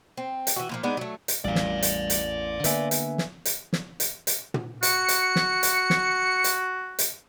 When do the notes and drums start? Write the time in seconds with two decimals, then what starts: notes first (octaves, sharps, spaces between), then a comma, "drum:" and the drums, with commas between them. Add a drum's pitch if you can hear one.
0.17 C4
0.47 drum: hi-hat
0.56 E3 F#4
0.69 A#2 F3 A#3
0.83 G#3 B3 D4 D#4
0.97 F#3 A3
1.28 drum: hi-hat
1.45 A1 E2 G3 D5 F5
1.55 drum: snare
1.82 drum: hi-hat
2.10 drum: hi-hat
2.64 D3 A#3 B3 B4 E5 G#5, drum: hi-hat
2.91 drum: hi-hat
3.18 drum: snare
3.45 drum: hi-hat
3.73 drum: snare
4.00 drum: hi-hat
4.27 drum: hi-hat
4.54 drum: tom
4.83 F#4 C#7, drum: hi-hat
5.08 drum: hi-hat
5.36 drum: snare
5.63 drum: hi-hat
5.90 drum: snare
6.44 drum: hi-hat
6.99 drum: hi-hat